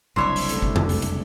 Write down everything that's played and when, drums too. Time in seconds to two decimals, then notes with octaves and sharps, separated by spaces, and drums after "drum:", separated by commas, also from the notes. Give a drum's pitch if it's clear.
0.16 F#1 C2 F#2 D4 E4 C5 C#5 E5
0.36 drum: open hi-hat
0.49 C3 A3, drum: hi-hat
0.62 drum: kick F#1
0.76 drum: tom F2
0.89 drum: open hi-hat
1.02 drum: hi-hat